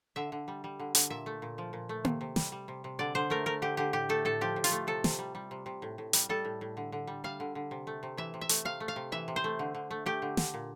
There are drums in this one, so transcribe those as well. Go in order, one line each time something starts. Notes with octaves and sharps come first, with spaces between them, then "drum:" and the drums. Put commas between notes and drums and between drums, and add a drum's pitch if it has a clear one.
D3 E5
D3
G3
G3
D3
D3, drum: hi-hat
A#2 E5
A3
A#2
F3
A#2
A3
C3, drum: tom A#3
C3
G3, drum: snare
G3
C3
C3
D3 D5
D3 C5
A3 A#4
A3 A#4
D3 G4
D3 G4
A2 G4
A3 A4
A2 A4
F3 G4
A2
F4, drum: hi-hat
A3
C3 A4
C3, drum: snare
G3
G3
C3
C3
A2
A2
G3, drum: hi-hat
G3 A4
A2
A2
D3
D3
G3
G3 F5
D3
D3
C3
A3
C3
E3 E5
C3
E5
A3, drum: hi-hat
C3 F5
A3
F5
C3
E3 E5
C3
C5
A3
D3
D3
A3
A3 G4
D3
D3, drum: snare
A#2